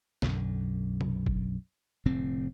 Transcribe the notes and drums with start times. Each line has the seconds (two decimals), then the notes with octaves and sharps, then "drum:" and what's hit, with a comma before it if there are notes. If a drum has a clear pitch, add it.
0.22 B1 F#2 D3, drum: snare
1.01 drum: tom C3
1.26 drum: kick F#1
2.05 F1 A2 D3 C4